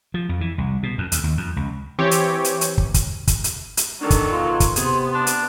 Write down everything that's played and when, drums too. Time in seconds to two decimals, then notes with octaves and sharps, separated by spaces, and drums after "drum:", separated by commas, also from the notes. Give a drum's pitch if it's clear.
0.14 F3
0.29 F2
0.41 E3
0.58 C2
0.83 B2
0.98 F2
1.12 D2, drum: hi-hat
1.24 D#2
1.37 F2
1.56 C#2
1.99 E3 C4 G4 C#5
2.11 drum: hi-hat
2.44 drum: hi-hat
2.61 drum: hi-hat
2.78 drum: kick
2.94 drum: kick, hi-hat
3.27 drum: kick, hi-hat
3.44 drum: hi-hat
3.77 drum: hi-hat
4.01 D#3 F#3 D4 A4
4.10 drum: kick, hi-hat
4.31 B2 F4 C6
4.60 drum: kick, hi-hat
4.76 C3 B3 G#4, drum: hi-hat
5.14 D4
5.27 drum: hi-hat